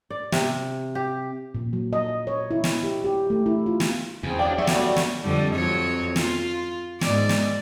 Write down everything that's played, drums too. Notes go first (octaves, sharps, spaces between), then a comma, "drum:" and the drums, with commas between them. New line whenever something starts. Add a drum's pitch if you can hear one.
D5
C3, drum: snare
G4
A#2
F#3
D#5
C#5
E4
drum: snare
G4
G4
A3
E4
F4
drum: snare
E2 C#3 F3 C4
D#2 F#3 D4 G#4 D5 F5 G5
F#3 G3 A3 F#4 C#5 D5 E5 G5
drum: snare
drum: snare
F2 D3 G3
F2 F#3 C#5
F4, drum: snare
G#2 D5, drum: snare
drum: snare